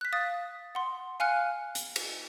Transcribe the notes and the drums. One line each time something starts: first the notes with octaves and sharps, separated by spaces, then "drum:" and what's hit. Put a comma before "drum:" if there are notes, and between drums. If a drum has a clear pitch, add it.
F#6 B6
F5 D#6 A6
F#5 C6
F5 G#5 F6 F#6 C#7
drum: hi-hat
drum: cymbal